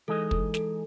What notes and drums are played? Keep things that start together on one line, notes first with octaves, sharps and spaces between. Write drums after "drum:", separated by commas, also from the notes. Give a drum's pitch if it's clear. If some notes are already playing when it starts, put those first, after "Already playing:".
E3 G#3 D#4 G#4 A4 D#5
A4, drum: kick
A4, drum: snare